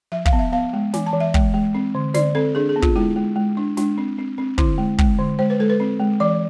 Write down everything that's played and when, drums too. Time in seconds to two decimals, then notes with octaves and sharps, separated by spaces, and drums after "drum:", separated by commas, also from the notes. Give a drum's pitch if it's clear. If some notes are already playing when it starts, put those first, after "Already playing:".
0.12 F3 E5
0.25 F5, drum: kick
0.33 B3
0.39 E5
0.52 B3 F5
0.73 G#3
0.94 E3 G#5, drum: snare
1.06 A5
1.13 E3
1.20 E5
1.34 G#3, drum: kick
1.54 G#3
1.74 C4
1.95 D3
2.14 D3 D5, drum: snare
2.35 C4 A4
2.55 D4 G#4
2.69 G#4
2.76 B3
2.82 F4, drum: kick
2.96 G#3 E4
3.16 G#3
3.36 G#3
3.57 D4
3.77 G#3 D4, drum: snare
3.98 C4
4.18 C4
4.38 C4
4.58 D3 E4, drum: kick
4.78 G#3
4.98 G#3, drum: kick
5.19 D3
5.39 G#3 C5
5.50 B4
5.59 G#3 A4
5.70 B4
5.80 C4
6.00 G#3
6.20 E3 D5